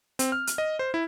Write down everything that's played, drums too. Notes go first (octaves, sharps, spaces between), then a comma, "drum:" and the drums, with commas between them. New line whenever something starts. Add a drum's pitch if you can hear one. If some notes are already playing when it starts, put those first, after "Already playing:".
C4, drum: hi-hat
F6
drum: hi-hat
D#5
C5
E4